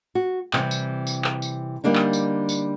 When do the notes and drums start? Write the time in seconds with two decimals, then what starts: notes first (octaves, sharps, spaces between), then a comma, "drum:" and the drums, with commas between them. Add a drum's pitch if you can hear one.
0.15 F#4
0.53 C3 E3 G3 C4, drum: clap
0.71 drum: tambourine
1.07 drum: tambourine
1.24 drum: clap
1.42 drum: tambourine
1.84 D3 G3 A#3 D4 D#4
1.95 drum: clap
2.13 drum: tambourine
2.49 drum: tambourine